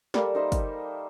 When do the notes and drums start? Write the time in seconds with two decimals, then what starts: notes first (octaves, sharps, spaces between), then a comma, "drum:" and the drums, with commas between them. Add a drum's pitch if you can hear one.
0.14 G3 A#3 A4, drum: snare
0.35 D#4 C5 D#5 E5
0.52 drum: kick, hi-hat